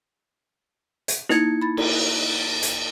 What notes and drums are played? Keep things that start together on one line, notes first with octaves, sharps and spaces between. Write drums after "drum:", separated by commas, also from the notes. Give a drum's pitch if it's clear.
drum: hi-hat
A#3 D#4 E4 G#6 C#7, drum: snare
B5 A6
drum: cymbal
drum: hi-hat